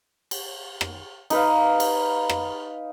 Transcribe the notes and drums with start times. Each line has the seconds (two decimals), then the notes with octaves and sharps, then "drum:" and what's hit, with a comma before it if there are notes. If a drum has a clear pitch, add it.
0.31 drum: cymbal
0.81 drum: rim click
1.30 D#4 B4 F5, drum: cymbal
1.80 drum: cymbal
2.29 drum: rim click